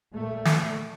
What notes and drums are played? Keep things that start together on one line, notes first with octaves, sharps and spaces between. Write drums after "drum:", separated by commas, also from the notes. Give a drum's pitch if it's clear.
A#2 A3
drum: snare